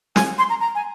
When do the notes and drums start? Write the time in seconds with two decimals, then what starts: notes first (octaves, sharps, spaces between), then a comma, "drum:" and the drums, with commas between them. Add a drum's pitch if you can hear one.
0.16 G#5, drum: snare
0.38 C6
0.50 A#5
0.60 A#5
0.75 G#5